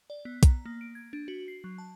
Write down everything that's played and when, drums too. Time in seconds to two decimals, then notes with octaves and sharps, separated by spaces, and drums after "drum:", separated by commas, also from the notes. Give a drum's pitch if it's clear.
0.10 D5
0.25 B3
0.43 A#5, drum: kick, hi-hat
0.66 A#3
0.81 D7
0.95 G#6
1.13 D4
1.28 F#4
1.48 C7
1.64 F#3
1.78 A5